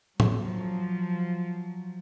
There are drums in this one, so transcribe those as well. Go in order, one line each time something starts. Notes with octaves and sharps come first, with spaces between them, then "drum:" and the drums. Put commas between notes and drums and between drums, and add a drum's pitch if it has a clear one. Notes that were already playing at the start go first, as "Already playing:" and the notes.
F3 F#3, drum: tom A2